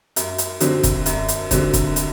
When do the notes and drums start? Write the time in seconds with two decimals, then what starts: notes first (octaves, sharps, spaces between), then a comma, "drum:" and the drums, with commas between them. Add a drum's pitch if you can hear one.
0.16 F#2, drum: hi-hat
0.38 drum: hi-hat
0.60 D3 F#3 C4, drum: hi-hat
0.83 drum: kick, hi-hat
1.06 F#2, drum: hi-hat
1.28 drum: hi-hat
1.51 D3 F#3 C4, drum: kick, hi-hat
1.73 drum: kick, hi-hat
1.96 drum: hi-hat